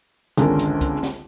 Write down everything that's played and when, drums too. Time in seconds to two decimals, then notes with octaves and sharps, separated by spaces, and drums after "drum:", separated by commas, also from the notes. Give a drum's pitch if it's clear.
0.38 G#1 C#2 D3 C#4 G#4 A#4, drum: hi-hat
0.59 drum: hi-hat
0.81 drum: kick, hi-hat
1.03 drum: snare